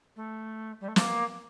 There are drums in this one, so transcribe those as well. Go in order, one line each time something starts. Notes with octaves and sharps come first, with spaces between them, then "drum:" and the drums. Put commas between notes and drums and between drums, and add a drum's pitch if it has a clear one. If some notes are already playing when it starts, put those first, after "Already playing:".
A3
G3
A3
A#3, drum: snare